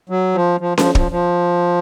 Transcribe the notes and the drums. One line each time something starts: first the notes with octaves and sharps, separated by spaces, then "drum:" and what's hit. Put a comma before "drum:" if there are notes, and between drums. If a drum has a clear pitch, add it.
F#3
F3
F3
F3, drum: snare C#4
F3, drum: kick
F3